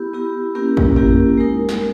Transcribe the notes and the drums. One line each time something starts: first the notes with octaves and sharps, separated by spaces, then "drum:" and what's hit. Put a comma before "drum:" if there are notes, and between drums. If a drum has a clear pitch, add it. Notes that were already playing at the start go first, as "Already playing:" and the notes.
Already playing: B3 E4 G4
B3 E4 G4
A#3 C#4 E4 G4 A#4
drum: kick
A#3 C#4 E4 G4 A#4, drum: tom F2
G#3 D#4 A#4
drum: snare